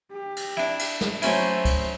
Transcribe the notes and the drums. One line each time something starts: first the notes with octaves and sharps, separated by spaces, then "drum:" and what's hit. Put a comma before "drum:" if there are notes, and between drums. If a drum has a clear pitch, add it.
G4
drum: cymbal
D4 E4
drum: cymbal
drum: snare
F#3 A3 C#4 E4 C5, drum: cymbal
drum: kick, cymbal